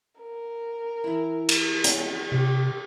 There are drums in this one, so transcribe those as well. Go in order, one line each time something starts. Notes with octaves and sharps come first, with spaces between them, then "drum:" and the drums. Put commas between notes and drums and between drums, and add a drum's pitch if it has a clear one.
A#4
E3 E4
drum: cymbal
A4
drum: hi-hat
C3 G4